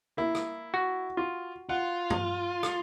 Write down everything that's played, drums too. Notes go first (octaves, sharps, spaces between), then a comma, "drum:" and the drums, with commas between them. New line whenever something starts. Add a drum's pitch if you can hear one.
A#3 E4
drum: rim click
F#4
F4
F4 F#5
drum: tom G2
drum: rim click